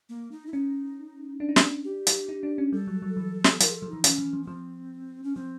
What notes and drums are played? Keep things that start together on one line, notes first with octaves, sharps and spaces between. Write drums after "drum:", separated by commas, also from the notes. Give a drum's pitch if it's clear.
A#3
D#4
E4
C#4 D#4
D4
D#4
D4, drum: snare
G4
drum: hi-hat
D#4
D4
C#4
G3 A4
F#3
F#3
E3
drum: snare
F3 A#4, drum: hi-hat
G#4
A4
F3
E3 D#4
E3 C#4, drum: hi-hat
E3
F3
B3
F3 C4
C#4
F3 C4